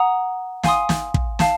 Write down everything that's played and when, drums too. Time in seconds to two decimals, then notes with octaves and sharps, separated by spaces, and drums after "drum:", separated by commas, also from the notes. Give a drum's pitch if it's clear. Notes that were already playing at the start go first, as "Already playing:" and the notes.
Already playing: F#5 A#5 D#6
0.63 F5 G#5 C6 D#6, drum: snare
0.89 drum: snare
1.14 drum: kick
1.39 F5 A5, drum: snare